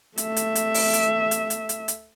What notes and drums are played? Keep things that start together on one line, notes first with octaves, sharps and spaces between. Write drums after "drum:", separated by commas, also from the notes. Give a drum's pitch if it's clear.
A3 E5, drum: hi-hat
drum: hi-hat
drum: hi-hat
drum: open hi-hat
drum: hi-hat
drum: hi-hat
drum: hi-hat
drum: hi-hat
drum: hi-hat